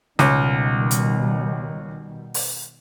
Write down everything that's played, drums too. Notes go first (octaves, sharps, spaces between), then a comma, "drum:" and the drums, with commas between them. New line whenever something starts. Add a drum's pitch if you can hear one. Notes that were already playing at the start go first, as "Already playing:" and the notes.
C#2 B2 D#3 G3, drum: snare
drum: hi-hat
drum: open hi-hat